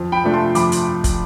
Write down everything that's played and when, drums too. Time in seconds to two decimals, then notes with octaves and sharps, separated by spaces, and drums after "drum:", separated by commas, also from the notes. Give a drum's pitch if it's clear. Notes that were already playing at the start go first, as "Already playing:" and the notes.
Already playing: F2
0.12 G5 B5
0.23 C3 F3 A3 D4
0.34 A5 C6
0.55 F2 B5 D6, drum: hi-hat
0.72 drum: hi-hat
1.04 drum: kick, hi-hat